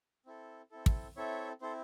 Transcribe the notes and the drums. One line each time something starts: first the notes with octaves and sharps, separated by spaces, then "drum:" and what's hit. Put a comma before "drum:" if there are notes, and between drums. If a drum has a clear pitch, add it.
C4 E4 A4
C4 E4 A4
drum: kick
C4 E4 A4 C#5 E5
C4 E4 A4 C5